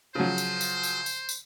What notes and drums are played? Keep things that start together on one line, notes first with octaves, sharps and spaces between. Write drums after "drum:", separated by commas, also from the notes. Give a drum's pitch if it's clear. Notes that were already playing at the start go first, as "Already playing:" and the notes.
C#3 F3 F#3 C5
drum: tambourine
drum: tambourine
drum: tambourine
drum: tambourine
drum: tambourine